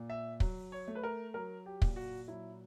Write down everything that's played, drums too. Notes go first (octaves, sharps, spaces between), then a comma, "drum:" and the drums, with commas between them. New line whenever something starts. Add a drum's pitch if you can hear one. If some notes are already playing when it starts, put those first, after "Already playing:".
Already playing: A#2
E5
F#3, drum: kick
C#5
A3
B4
A#4
F#3 A#4
G4
A#2, drum: kick
F#4
F#3 E4